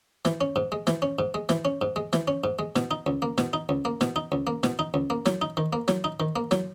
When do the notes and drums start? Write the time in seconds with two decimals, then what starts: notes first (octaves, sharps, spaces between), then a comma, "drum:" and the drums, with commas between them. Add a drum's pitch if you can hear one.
0.25 E3, drum: snare
0.41 C#4
0.56 G#2
0.72 G#3
0.87 E3, drum: snare
1.02 C#4
1.19 G#2
1.34 G#3
1.49 E3, drum: snare
1.65 C#4
1.81 G#2
1.96 G#3
2.13 E3, drum: snare
2.28 C#4
2.44 G#2
2.59 G#3
2.76 B2, drum: snare
2.91 D#4
3.06 C#2
3.22 A#3
3.38 B2, drum: snare
3.53 D#4
3.69 C#2
3.85 A#3
4.01 B2, drum: snare
4.16 D#4
4.32 C#2
4.47 A#3
4.63 B2, drum: snare
4.79 D#4
4.94 C#2
5.10 A#3
5.26 F#3, drum: snare
5.42 D#4
5.57 D#3
5.73 A#3
5.88 F#3, drum: snare
6.04 D#4
6.20 D#3
6.36 A#3
6.51 F#3, drum: snare